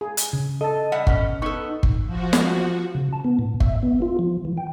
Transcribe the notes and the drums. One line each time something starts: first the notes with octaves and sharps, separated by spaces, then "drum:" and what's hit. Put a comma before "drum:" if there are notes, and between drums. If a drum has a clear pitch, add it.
G#4
drum: hi-hat
C#3
A4 D#5 A5
G3 E5 F#5
B2 C#4, drum: kick G1
B3 D#4 A4 C#6
drum: kick G1
F3 F#4
drum: snare
C#3
A5
B3
A2
E5, drum: kick G1
B3
F4
F3
E3
G5